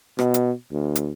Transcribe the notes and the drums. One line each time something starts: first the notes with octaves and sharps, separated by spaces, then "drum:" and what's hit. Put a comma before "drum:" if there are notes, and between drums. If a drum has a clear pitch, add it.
B2, drum: rim click
drum: hi-hat
D2
drum: hi-hat